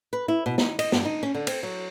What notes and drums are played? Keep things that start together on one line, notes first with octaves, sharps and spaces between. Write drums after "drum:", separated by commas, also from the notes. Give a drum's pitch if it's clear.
B4
E4
B2
D#4, drum: snare
D#5, drum: cymbal
G2, drum: snare
D#4
C#4
D3
C4, drum: cymbal
F#3